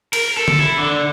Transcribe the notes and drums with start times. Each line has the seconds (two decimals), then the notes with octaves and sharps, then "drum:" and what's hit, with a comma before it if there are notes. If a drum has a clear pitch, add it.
0.13 A#4, drum: cymbal
0.37 A4
0.48 drum: tom D3
0.60 E4
0.78 D3